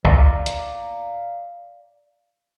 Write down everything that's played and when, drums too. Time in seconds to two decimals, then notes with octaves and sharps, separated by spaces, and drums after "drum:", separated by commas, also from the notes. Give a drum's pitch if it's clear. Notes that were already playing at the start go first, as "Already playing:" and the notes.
0.05 D5 F5 A#5, drum: kick C#2
0.46 drum: hi-hat